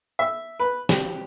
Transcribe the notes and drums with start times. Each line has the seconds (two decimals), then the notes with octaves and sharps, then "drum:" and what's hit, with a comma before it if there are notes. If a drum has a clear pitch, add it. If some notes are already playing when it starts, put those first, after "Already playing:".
0.19 E5
0.60 B4
0.89 G4, drum: snare